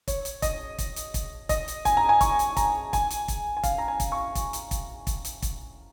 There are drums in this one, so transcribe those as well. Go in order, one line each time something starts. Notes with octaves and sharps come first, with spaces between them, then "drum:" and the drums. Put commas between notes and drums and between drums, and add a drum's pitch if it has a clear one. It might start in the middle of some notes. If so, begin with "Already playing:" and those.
C#5, drum: kick, hi-hat
drum: hi-hat
D#5, drum: kick, hi-hat
drum: kick, hi-hat
drum: hi-hat
drum: kick, hi-hat
D#5, drum: kick, hi-hat
drum: hi-hat
G#5, drum: kick, hi-hat
A#5
G#5
C#6, drum: kick, hi-hat
drum: hi-hat
A#5, drum: kick, hi-hat
G#5, drum: kick, hi-hat
drum: hi-hat
drum: kick, hi-hat
G#5
F5, drum: kick, hi-hat
A#5
G#5
drum: kick, hi-hat
C#6
drum: kick, hi-hat
drum: hi-hat
drum: kick, hi-hat
drum: kick, hi-hat
drum: hi-hat
drum: kick, hi-hat